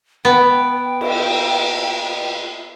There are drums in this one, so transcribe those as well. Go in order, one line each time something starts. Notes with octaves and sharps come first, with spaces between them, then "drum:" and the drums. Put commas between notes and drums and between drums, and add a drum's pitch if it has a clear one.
B3 G5
drum: cymbal